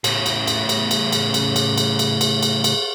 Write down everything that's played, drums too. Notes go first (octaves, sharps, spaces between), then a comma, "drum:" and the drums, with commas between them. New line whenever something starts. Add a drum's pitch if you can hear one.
A2 C#3, drum: cymbal
drum: cymbal
drum: cymbal
drum: cymbal
drum: cymbal
drum: cymbal
drum: cymbal
drum: cymbal
drum: cymbal
drum: cymbal
drum: cymbal
drum: cymbal
drum: cymbal